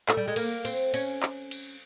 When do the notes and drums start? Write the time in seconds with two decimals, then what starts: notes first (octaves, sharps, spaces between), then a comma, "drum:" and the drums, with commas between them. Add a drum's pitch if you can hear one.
0.09 A3, drum: clap
0.17 G3
0.28 G#3
0.36 A#3, drum: cymbal
0.65 C4, drum: cymbal
0.94 C#4, drum: cymbal
1.23 drum: clap
1.51 drum: cymbal